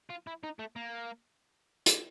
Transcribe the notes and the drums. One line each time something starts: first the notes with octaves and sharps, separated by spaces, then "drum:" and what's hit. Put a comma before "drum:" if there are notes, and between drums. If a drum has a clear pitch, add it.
F4
E4
D#4
A3
A#3
drum: hi-hat